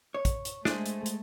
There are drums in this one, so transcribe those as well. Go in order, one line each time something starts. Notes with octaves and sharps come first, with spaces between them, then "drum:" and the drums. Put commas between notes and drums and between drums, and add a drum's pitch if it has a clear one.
C#5
drum: kick, hi-hat
drum: hi-hat
G#3 A3 D4 G#4 C5, drum: snare
drum: hi-hat
drum: hi-hat